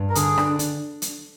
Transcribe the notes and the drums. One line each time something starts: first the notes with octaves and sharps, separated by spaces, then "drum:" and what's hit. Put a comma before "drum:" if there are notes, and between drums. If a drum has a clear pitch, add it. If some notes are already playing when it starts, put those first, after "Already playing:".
Already playing: G2
A#4
D3 G#4, drum: hi-hat
D4, drum: rim click
D4, drum: hi-hat
drum: hi-hat